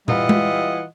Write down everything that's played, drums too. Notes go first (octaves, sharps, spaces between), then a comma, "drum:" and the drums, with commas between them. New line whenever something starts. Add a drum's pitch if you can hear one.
E3 G3 F4 D#5 E5 F#5, drum: tom
drum: tom G#3